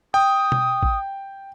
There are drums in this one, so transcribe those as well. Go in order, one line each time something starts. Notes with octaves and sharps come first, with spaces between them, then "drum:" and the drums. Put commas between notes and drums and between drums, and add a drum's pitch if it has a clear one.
G5 D#6
drum: tom B2
drum: kick A1